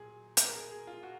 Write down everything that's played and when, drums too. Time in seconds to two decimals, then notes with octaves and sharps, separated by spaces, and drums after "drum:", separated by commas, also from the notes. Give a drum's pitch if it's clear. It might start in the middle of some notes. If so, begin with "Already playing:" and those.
Already playing: A#2 F#3 G#4
0.37 drum: hi-hat
0.48 A#4
0.56 G#4
0.71 G#4
0.87 F4
1.03 F#4